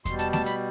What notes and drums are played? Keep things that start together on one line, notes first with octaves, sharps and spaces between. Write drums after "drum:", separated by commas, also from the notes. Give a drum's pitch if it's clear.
B2 G3 C6, drum: kick E2, hi-hat
A5, drum: hi-hat
A5, drum: snare A3
B5, drum: hi-hat